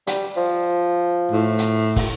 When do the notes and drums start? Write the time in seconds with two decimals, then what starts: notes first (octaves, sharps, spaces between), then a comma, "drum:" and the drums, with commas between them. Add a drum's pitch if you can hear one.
0.07 G3, drum: hi-hat
0.37 F3
1.32 A2
1.58 drum: hi-hat
1.96 drum: kick, open hi-hat